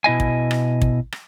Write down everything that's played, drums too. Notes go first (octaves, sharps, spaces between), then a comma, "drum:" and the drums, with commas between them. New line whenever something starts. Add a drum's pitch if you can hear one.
B2 E4 D#5 G#5
drum: kick
drum: rim click
drum: kick
drum: rim click